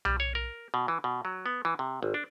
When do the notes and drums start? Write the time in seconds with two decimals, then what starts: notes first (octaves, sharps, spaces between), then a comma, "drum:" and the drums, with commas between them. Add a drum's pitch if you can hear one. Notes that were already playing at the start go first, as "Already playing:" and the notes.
0.05 G3, drum: tom B1
0.20 C#5
0.35 A#4
0.74 B2
0.88 E3
1.04 B2
1.25 F#3
1.46 B3
1.65 E3
1.79 C3
2.03 G#1
2.14 D4